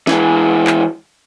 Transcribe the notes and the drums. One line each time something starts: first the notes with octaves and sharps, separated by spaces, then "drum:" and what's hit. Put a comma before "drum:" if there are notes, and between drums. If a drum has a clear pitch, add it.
E3 G#3, drum: snare
drum: clap